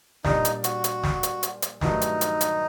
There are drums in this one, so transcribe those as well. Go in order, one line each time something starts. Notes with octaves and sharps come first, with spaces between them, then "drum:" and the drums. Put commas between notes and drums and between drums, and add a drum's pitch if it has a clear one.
A#2 G3 D4 D#4 G4 D5, drum: snare
drum: hi-hat
F#4, drum: hi-hat
drum: hi-hat
drum: snare
drum: hi-hat
drum: hi-hat
drum: hi-hat
G2 D#3 F#3 A3 D#4, drum: snare
drum: hi-hat
drum: hi-hat
drum: hi-hat